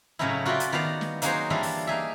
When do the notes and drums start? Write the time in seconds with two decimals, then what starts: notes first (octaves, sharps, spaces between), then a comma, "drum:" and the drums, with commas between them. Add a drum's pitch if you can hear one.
0.19 A2 C#3 F#3 C#4 D#4 E4
0.45 F4 F#4 A#4 D5 E5 G5
0.60 drum: hi-hat
0.72 D#3 B3 F#4 D5 F5 A#5
1.01 drum: snare
1.22 F#3 A#3 D#4 F#4 G#4 C5, drum: hi-hat
1.50 E3 G3 D4 E4 F4
1.63 drum: open hi-hat
1.87 A#3 D#4 G#4 E5